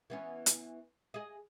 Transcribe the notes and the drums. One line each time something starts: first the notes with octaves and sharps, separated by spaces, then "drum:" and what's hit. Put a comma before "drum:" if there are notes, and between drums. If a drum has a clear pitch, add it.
E3 B3 C#4
drum: hi-hat
G#4 D#5